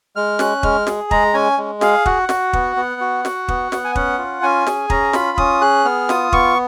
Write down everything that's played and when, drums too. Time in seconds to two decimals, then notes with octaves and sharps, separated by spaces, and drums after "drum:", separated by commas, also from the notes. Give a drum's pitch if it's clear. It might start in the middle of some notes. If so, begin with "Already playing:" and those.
0.16 G#3 F6
0.39 C#4 F#6, drum: snare
0.63 G#3 F6, drum: kick
0.87 G#4, drum: snare
1.11 G#3 A#5, drum: kick
1.34 C#4 G#5
1.58 G#3
1.81 G#4 F5, drum: snare
2.06 F#4 F#5, drum: kick
2.29 F#4, drum: snare
2.53 B3, drum: kick
2.76 B3
3.01 F#4
3.25 F#4, drum: snare
3.48 B3, drum: kick
3.72 B3, drum: snare
3.85 G#5
3.95 C#4 F#5, drum: kick
4.18 F4
4.43 C#4 G#5
4.67 G#4, drum: snare
4.90 C#4 A#5, drum: kick
5.13 F4 B5, drum: snare
5.38 C#4 D#6, drum: kick
5.61 G#4 F#6
5.85 B3 F6
6.09 F4 D#6, drum: snare
6.32 B3 C#6, drum: kick